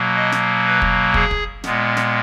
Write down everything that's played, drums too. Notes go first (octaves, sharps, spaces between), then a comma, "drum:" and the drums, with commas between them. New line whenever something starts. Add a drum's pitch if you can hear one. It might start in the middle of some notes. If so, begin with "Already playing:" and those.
Already playing: B2 F#3 A#3
D#5
drum: snare
B4
drum: kick
G#4, drum: kick
drum: kick
A#2 G#3 B3, drum: snare
drum: snare